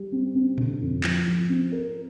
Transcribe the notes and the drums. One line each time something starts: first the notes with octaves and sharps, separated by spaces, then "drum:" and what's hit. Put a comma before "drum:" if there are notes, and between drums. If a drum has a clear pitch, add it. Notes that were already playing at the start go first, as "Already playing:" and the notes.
Already playing: G3
C4
C4
D3, drum: tom A#2
F2
F3, drum: clap
F3
C4
A#4